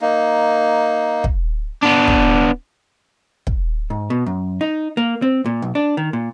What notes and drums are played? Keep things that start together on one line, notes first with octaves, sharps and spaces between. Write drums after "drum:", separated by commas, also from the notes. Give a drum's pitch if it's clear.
A#3 D#4
drum: kick
B3 D4
drum: kick
drum: kick
G#2
B2
F#2
D#4
A#3
C4
A#2
B1
D4
D#3
A#2